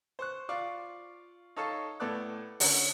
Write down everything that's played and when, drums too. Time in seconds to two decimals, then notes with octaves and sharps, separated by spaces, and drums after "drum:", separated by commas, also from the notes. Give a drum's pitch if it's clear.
0.19 C5 C#6 F#6
0.49 F4 D5 F5 C#6
1.56 D#4 A4 C#5 F5 A5 C#6
2.00 A2 B3 A4 D5 F#6
2.60 D3 C#4 F#5, drum: open hi-hat